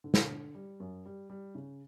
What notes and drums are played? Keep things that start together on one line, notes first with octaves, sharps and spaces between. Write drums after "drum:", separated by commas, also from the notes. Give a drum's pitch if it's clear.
D3
drum: snare
D3
G3
F#2
G3
G3
C#3